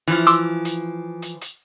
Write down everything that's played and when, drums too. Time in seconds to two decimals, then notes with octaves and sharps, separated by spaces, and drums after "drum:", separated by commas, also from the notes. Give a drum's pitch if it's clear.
0.07 E3 F3
0.27 C6 D6 E6, drum: hi-hat
0.65 drum: hi-hat
1.22 drum: hi-hat
1.41 drum: hi-hat